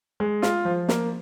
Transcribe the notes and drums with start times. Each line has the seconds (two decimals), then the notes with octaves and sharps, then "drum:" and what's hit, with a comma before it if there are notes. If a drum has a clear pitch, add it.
0.20 G#3
0.42 F4, drum: snare
0.65 F3
0.89 A#3, drum: snare